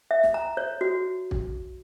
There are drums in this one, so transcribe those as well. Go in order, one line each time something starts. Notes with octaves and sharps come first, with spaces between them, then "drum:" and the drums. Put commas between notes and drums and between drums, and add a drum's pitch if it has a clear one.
E5
drum: snare
A#5
C#5
F#4
drum: kick